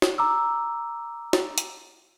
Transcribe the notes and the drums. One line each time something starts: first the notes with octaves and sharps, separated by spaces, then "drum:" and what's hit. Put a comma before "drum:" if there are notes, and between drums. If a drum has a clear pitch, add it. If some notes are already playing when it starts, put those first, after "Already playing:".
drum: snare
A#5 D6 E6
drum: snare
drum: hi-hat